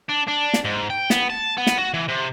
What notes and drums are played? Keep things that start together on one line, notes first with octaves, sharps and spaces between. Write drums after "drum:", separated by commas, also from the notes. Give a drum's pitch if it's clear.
D4
D4
drum: snare
G#2
G5
B3, drum: snare
A5
B3
drum: snare
F#4
E3
C3